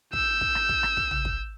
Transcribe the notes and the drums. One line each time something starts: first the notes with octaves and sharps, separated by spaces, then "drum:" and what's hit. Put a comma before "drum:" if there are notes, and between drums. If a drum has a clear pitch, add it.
E6 G6, drum: kick
drum: kick
drum: rim click
drum: kick
drum: rim click
drum: kick
drum: tom
drum: kick